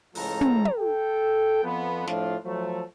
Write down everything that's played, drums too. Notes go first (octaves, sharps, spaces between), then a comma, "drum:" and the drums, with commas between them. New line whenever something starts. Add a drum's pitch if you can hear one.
C#2 A2 F3 A4 A#5, drum: open hi-hat
drum: tom
drum: tom
A4 G5
F2 F3 B3
A2 F3 D4 F4, drum: snare
F3 F#3 A3